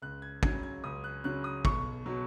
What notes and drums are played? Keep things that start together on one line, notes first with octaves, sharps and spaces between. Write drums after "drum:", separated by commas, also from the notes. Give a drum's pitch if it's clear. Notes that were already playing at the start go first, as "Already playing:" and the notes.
C#2 F#6
G#6
C#3 F#3 G#6, drum: kick
G#6
C#2 D#6
F#6
C#3 F#3 F#6
D#6
B1 C#6, drum: kick
B2 F#3